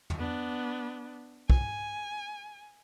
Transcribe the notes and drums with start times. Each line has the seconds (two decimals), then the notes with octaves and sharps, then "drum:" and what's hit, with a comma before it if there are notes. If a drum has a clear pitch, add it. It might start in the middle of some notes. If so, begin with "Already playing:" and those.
0.10 drum: tom
0.19 B3 D4
1.50 G#5, drum: kick B1